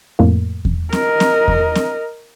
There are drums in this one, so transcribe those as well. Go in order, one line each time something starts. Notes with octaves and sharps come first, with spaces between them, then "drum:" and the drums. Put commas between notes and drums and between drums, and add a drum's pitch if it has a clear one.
F2 A2 A#3
drum: kick E2
A#4 D#5, drum: snare C4
drum: snare C4
drum: kick E2
drum: snare C4